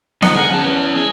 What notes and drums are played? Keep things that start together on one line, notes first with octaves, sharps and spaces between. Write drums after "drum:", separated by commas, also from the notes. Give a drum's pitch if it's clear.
D#3 F3 D#4 D#5 F#5, drum: snare B3
D3 G#4 A#4 F#5
F#2 C#4 A5
E3 B3
G#3 G#4